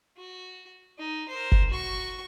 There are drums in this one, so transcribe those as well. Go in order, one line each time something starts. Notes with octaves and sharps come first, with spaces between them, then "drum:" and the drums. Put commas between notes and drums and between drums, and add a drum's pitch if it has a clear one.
F#4
D#4
A#4 C5
drum: kick F#1
F#4 C#6